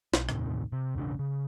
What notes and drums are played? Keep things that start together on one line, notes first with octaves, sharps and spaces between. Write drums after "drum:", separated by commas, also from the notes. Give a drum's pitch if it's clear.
B1, drum: snare
D#2 A2 C3 D#3, drum: rim click
C3
E1 A1 C#3 D4
C#3